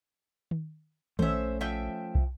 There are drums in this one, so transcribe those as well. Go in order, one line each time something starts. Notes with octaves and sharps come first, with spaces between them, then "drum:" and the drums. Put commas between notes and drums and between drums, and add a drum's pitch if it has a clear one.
drum: tom D#3
A#1 A3 C#4 C5 E5, drum: tom D#3
F3 E5 G5
drum: kick